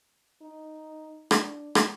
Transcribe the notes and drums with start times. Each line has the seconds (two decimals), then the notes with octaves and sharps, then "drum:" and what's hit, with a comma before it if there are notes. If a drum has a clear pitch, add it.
0.42 D#4
1.31 D4, drum: rim click
1.75 drum: rim click